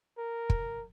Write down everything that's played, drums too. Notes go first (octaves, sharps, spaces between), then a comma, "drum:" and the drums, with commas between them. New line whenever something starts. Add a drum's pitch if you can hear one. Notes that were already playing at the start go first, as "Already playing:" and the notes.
A#4
drum: kick